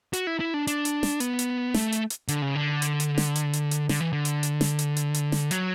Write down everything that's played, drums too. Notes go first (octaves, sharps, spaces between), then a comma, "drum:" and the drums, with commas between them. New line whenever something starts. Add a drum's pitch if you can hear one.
F#4, drum: hi-hat
E4
E4
D4
D4, drum: hi-hat
drum: hi-hat
drum: snare
B3, drum: hi-hat
drum: hi-hat
A3, drum: snare
drum: hi-hat
drum: hi-hat
D3, drum: hi-hat
C#3
D3
drum: hi-hat
drum: hi-hat
drum: snare
drum: hi-hat
drum: hi-hat
drum: hi-hat
D3, drum: snare
E3
D3
drum: hi-hat
drum: hi-hat
drum: snare
drum: hi-hat
drum: hi-hat
drum: hi-hat
drum: snare
F#3, drum: hi-hat